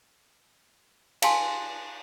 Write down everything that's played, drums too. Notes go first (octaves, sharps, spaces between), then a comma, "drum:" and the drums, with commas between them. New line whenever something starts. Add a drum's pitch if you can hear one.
F5 G#5 A5 C6, drum: cymbal